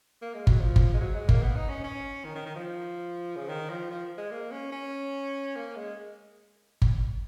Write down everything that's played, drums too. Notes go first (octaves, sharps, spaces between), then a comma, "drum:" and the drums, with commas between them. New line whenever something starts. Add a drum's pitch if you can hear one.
A#3
G#3
F#3, drum: kick G1
F3
drum: kick G1
G#3
F#3
G#3
A#3, drum: kick G1
B3
D#4
C#4
C#4
D#3
D#3
D#3
F3
C#3
D#3
F3
F3
G#3
A#3
C#4
C#4
A#3
G#3
drum: kick G1